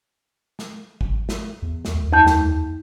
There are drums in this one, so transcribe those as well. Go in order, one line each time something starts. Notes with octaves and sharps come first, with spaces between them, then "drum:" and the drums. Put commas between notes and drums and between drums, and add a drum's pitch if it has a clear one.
drum: snare
drum: kick
drum: snare
E2
drum: snare
D#2
F2 A5 G6
drum: snare